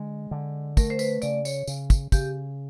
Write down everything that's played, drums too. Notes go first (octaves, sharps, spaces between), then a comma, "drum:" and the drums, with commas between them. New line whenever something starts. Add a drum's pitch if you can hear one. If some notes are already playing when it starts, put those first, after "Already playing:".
Already playing: D3 G#3
D3
A3 A#4, drum: kick, tambourine
C5
B4, drum: tambourine
C#3 D5, drum: tambourine
C#5, drum: tambourine
C#3, drum: tambourine
drum: kick, tambourine
C#3 G4, drum: kick, tambourine